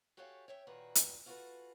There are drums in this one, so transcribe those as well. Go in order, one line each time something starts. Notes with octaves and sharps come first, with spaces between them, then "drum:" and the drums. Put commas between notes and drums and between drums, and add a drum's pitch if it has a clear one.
F#4 G4 A4 C#5 F5 G#5
C#5 E5 G5
A#2 D#3 F#4 G#4 B4
drum: hi-hat
F4 F#4 G#4 A4 B4